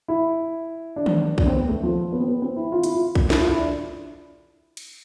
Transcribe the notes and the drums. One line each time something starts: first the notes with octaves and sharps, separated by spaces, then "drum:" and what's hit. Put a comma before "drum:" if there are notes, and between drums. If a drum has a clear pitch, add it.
E4
D4
drum: tom D#3
D4, drum: kick A#1
C4
B3
A3
F3
B3
C4
B3
C4
E4
F4
E4, drum: hi-hat
F4
drum: kick A#1
E4, drum: snare
F4
E4
D4
drum: cymbal